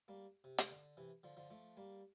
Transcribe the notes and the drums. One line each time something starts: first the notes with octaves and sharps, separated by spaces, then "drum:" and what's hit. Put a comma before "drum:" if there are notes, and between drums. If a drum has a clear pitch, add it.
G3 A#3
C3
drum: hi-hat
D3
C3 E3
D3 F3
D3 F3
F3 A3
G3 A#3